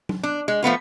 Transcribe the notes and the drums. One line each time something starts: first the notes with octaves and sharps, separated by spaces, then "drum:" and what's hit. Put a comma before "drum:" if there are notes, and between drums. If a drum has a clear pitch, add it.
drum: tom F#3
D4
G#3
F3 A3 B3 F4